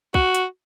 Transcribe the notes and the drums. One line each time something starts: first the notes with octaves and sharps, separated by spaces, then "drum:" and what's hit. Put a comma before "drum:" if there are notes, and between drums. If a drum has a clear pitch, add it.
F#4, drum: kick
drum: hi-hat